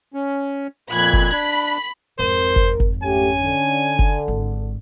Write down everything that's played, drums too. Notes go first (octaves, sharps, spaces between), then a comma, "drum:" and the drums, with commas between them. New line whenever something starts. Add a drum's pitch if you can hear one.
C#4
F2 A#2 B5 F#6 G#6
drum: kick F#1
D4 B5
G#1 F2 A#4 C5
drum: kick F#1
drum: kick F#1
A3 C#4 G4 G#5
D3
drum: kick F#1
G#1